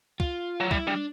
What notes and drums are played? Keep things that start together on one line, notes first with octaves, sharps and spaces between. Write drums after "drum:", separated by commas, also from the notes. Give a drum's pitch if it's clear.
F4, drum: kick
F#3
G3 E4, drum: kick
G3 D4